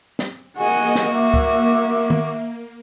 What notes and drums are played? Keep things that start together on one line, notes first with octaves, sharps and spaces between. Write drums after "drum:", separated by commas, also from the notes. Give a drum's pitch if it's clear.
drum: snare
A#3 F#4 G#4 D#5 F#5 G#5
drum: snare
E5 D6
drum: kick
drum: tom